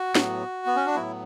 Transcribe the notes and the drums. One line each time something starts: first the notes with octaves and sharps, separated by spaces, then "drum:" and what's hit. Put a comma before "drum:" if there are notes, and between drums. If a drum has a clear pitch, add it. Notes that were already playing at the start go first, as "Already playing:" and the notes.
Already playing: F#4
A2 F#3 B3, drum: snare
B3
C#4
D4
A2 F#3 B3 E4